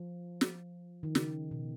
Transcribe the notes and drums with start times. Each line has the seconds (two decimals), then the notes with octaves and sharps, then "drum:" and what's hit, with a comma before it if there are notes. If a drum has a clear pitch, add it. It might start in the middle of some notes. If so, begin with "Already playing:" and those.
Already playing: F3
0.41 drum: snare
1.03 D#3
1.15 C#3, drum: snare
1.51 B2